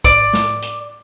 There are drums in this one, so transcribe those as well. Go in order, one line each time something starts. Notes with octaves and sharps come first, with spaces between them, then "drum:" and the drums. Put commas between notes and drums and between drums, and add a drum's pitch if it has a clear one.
D5, drum: kick B1
drum: snare
drum: hi-hat